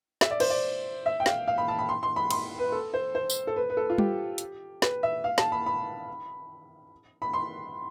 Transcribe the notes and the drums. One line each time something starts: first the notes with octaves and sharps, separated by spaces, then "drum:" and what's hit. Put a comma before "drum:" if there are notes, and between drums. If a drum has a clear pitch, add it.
E5, drum: snare
D5
C5, drum: cymbal
D5
E5
G5
F5, drum: snare
F5
B5
A5
B5
C6
C6
B5
C6, drum: cymbal
B4
A4
C5
C5
drum: tambourine
A4
B4
B4
A4
F4
G4, drum: tom G3
drum: hi-hat
B4, drum: snare
E5
F5
A5, drum: snare
B5
B5
B5
C6